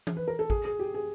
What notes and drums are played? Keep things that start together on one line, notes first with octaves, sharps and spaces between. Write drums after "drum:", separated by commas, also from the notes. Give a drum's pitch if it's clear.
drum: tom E3
B4
A#4
A4
G#4, drum: kick
G#4
G4
G#4